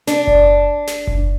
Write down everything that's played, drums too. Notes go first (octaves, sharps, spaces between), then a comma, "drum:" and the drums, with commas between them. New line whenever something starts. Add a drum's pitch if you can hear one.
D4, drum: snare
drum: kick F#1
drum: snare
drum: kick F#1